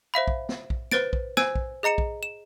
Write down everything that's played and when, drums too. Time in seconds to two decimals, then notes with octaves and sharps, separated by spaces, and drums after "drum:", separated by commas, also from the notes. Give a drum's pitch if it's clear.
0.14 C5 E5 F5 B5
0.28 drum: kick
0.49 drum: snare
0.70 drum: kick
0.92 B4 C5 A6 D7, drum: snare
1.13 drum: kick
1.37 C5 G#5 E6 G#6 D#7, drum: snare
1.55 drum: kick
1.83 G#4 D#5 A#5 C#7 E7
1.98 drum: kick
2.23 E7